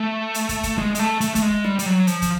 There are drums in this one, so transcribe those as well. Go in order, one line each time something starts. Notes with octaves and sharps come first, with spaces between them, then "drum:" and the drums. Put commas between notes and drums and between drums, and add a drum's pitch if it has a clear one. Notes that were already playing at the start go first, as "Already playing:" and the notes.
Already playing: A3
drum: hi-hat
drum: kick, hi-hat
drum: kick, hi-hat
G#3, drum: rim click
G#3, drum: hi-hat
A3
A3, drum: hi-hat
A3, drum: kick, hi-hat
G#3
G3, drum: rim click
G3, drum: hi-hat
F#3
F3, drum: hi-hat
drum: kick, hi-hat